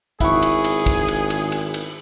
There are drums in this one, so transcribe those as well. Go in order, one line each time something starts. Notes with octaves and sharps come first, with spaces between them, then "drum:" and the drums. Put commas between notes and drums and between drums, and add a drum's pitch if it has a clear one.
G#1 B3 E4 G#4 C#6, drum: kick, cymbal
drum: cymbal
drum: cymbal
drum: kick, cymbal
drum: cymbal
drum: cymbal
drum: cymbal
drum: cymbal